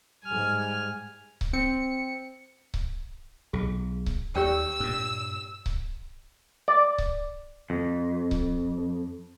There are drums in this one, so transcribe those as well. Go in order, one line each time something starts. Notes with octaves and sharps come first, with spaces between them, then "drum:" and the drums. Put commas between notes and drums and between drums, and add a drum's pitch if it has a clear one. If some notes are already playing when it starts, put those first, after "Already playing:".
G#2 G3 G#5 F6
drum: kick C#1
C4 C#7
drum: kick C#1
B1 G#4
drum: kick C#1
D#2 G4 D5 G5 E6
G2 A#2
drum: kick C#1
D5
drum: kick C#1
F2
drum: kick C#1